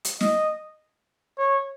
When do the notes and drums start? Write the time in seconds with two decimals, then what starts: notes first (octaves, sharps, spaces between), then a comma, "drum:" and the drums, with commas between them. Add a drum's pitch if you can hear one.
0.05 drum: hi-hat
0.21 D#5, drum: snare
1.38 C#5